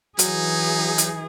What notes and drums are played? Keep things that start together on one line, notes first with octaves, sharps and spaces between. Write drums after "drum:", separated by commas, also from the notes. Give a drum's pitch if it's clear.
E3 F#3 D#4 G#4, drum: hi-hat
drum: hi-hat